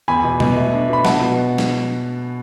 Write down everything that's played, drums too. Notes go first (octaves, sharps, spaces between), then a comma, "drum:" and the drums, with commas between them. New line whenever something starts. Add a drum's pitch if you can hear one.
E2 G#5 B5
B2
B2, drum: tom
A3
D4
B2 B5
B2 F#5 A5, drum: snare
B2
drum: snare